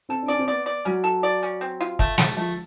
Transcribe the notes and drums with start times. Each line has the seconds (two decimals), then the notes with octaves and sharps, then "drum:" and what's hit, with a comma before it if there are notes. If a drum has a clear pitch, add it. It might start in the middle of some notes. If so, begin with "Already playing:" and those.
0.09 C4 A4
0.22 D4
0.28 C#4 D5
0.39 C4
0.47 B3 D5
0.66 D5
0.85 F#3 C#4
1.04 A4
1.23 D5
1.43 C#4
1.61 C4
1.81 F4
1.99 A3, drum: kick
2.18 A3, drum: snare
2.36 F3 A3